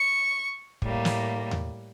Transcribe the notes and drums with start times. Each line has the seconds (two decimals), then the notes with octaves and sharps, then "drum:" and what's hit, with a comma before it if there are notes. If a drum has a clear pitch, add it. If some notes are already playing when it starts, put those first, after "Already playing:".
Already playing: C#6
0.82 A2 G3 A#3, drum: kick
1.05 drum: snare
1.51 drum: tom D#2